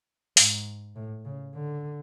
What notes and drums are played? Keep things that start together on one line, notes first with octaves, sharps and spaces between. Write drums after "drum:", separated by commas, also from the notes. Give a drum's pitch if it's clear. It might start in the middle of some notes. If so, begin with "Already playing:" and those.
G#2, drum: open hi-hat
A2
C#3
D3